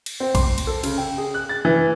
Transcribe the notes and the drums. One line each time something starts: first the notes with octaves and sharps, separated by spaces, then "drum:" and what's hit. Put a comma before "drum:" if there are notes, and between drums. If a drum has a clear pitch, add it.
drum: cymbal
C4
C6, drum: kick B1, cymbal
drum: cymbal
A4
C#3, drum: cymbal
G5
G#4
F#6
A6
E3